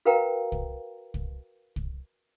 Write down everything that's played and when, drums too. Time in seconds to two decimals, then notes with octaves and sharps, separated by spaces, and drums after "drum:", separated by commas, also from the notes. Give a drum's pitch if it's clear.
0.05 F#4 A#4 B4 F5 G5 A#5
0.52 drum: kick
1.14 drum: kick
1.76 drum: kick